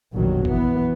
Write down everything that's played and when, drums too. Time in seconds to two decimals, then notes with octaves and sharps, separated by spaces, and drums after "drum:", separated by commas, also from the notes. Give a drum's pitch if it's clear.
0.13 A#1 F2 B2 D#3 F#3 G3
0.45 E3 B3, drum: kick G1